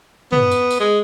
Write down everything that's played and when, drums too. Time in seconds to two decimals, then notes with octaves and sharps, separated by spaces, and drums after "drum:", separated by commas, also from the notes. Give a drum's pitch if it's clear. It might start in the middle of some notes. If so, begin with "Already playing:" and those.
0.32 B3, drum: tom
0.51 drum: tambourine
0.70 drum: tambourine
0.80 G#3